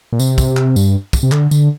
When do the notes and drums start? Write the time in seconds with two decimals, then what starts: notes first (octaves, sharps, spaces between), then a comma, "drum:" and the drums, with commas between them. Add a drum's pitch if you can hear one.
0.13 A#2
0.19 C3, drum: tambourine
0.38 drum: kick, tambourine
0.57 drum: clap
0.76 G2, drum: tambourine
1.13 drum: kick, tambourine
1.23 C3
1.32 D3, drum: clap
1.51 D3, drum: tambourine